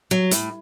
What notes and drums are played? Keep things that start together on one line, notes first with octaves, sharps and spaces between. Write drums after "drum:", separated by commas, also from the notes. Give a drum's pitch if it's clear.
F#3
A2, drum: hi-hat